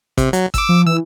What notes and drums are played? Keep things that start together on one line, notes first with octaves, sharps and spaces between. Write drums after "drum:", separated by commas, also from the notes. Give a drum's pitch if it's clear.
C3, drum: kick G#1, hi-hat
F#3, drum: hi-hat
D6 E6, drum: kick G#1, hi-hat
F3
E3 E6